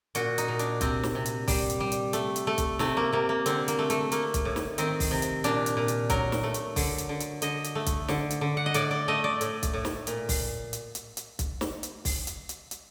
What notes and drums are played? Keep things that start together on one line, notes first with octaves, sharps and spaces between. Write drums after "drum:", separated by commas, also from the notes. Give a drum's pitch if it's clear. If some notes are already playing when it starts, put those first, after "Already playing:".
A#2 F#4, drum: hi-hat
D#4, drum: hi-hat
A#2
D4, drum: hi-hat
C3 C4, drum: kick B1, hi-hat
drum: snare
C3
drum: hi-hat
G3, drum: kick B1, open hi-hat
drum: hi-hat
G3
drum: hi-hat
A3, drum: hi-hat
drum: hi-hat
A3
drum: kick B1, hi-hat
C3 A3, drum: snare
A#3
C3 A#3
A#3
D3 C4, drum: hi-hat
A#3, drum: hi-hat
A3
A3, drum: hi-hat
A3 A#3, drum: hi-hat
drum: kick B1, hi-hat
A2
drum: snare
D#3 C4, drum: hi-hat
drum: kick B1, open hi-hat
C3
drum: hi-hat
A#2 D4, drum: hi-hat
drum: hi-hat
A#2
drum: hi-hat
F#3 A#4, drum: kick B1, hi-hat
drum: snare
A3
drum: hi-hat
D3, drum: kick B1, open hi-hat
drum: hi-hat
D3
drum: hi-hat
D3 D#5, drum: hi-hat
drum: hi-hat
A3
drum: kick B1, hi-hat
D3, drum: snare
drum: hi-hat
D3
F#5
D#5
A2 D5, drum: hi-hat
D5
A3 D#5
D5
A2, drum: hi-hat
drum: kick B1, hi-hat
A2
drum: snare
A#2, drum: hi-hat
drum: kick B1, open hi-hat
drum: hi-hat
drum: hi-hat
drum: hi-hat
drum: kick B1, hi-hat
drum: snare
drum: hi-hat
drum: kick B1, open hi-hat
drum: hi-hat
drum: hi-hat
drum: hi-hat